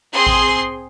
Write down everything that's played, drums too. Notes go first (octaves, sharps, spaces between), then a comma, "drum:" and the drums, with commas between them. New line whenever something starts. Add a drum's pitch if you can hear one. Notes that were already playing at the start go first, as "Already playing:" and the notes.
C4 G#4 C6
drum: kick A1